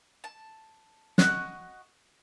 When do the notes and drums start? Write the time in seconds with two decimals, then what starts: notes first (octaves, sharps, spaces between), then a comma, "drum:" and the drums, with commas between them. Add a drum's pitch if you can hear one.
0.24 A5
1.18 F#4 D#5 C#6 F#6, drum: snare